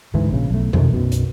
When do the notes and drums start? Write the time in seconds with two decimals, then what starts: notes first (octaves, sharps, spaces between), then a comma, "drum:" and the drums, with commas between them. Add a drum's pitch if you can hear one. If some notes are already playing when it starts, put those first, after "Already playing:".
0.14 D2 G#2 D3 E3
0.31 A#1 C#3
0.51 B1 A3
0.73 F2 C3 D#3 A3, drum: tom B2
0.93 B1 F#2 B2
1.12 drum: hi-hat